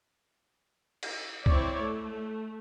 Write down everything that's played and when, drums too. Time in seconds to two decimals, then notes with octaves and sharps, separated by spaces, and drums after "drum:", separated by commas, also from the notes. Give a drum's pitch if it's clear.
1.03 drum: cymbal
1.46 C4 E4 C#5 D5, drum: kick
1.82 A3